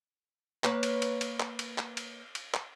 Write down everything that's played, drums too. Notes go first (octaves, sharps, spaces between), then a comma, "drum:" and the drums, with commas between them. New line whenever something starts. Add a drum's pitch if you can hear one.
A#3 B4 C#5, drum: clap
drum: cymbal
drum: cymbal
drum: cymbal
drum: clap
drum: cymbal
drum: clap
drum: cymbal
drum: cymbal
drum: clap